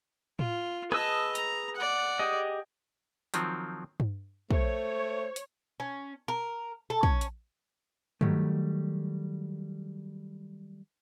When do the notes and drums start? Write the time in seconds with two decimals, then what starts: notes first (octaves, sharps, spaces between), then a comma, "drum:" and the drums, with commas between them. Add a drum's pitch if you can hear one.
0.39 F4, drum: tom A2
0.92 G#4 B4 D#5 A5 E6, drum: rim click
1.35 A#5, drum: hi-hat
1.76 D5 F#5
2.19 G4 G#4 D#5
3.34 D#3 F3 F#3 C4, drum: hi-hat
4.00 drum: tom G2
4.50 A3 C5 C#5, drum: kick
5.36 drum: hi-hat
5.80 C#4
6.28 A#4
6.90 A4
7.03 C#4, drum: kick
7.21 drum: hi-hat
8.21 D#3 F#3 G3 A3, drum: tom G2